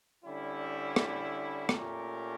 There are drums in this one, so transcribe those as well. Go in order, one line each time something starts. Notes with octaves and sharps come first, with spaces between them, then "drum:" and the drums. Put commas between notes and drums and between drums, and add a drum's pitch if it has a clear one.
D3 G3 C#4 E4
drum: rim click
A#2 A3 C#4 G4 A#4, drum: rim click